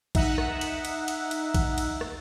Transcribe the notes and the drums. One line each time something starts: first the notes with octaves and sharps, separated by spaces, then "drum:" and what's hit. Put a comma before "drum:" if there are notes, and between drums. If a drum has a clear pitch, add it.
D#4 E5 F#5, drum: kick, cymbal
drum: rim click
drum: cymbal
drum: cymbal
drum: cymbal
drum: cymbal
drum: kick, cymbal
drum: cymbal
drum: rim click